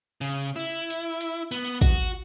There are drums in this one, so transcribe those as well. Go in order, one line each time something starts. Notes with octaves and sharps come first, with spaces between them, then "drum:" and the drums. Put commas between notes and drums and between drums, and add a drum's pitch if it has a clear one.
C#3
E4
drum: hi-hat
drum: hi-hat
B3, drum: hi-hat
F#4, drum: kick, hi-hat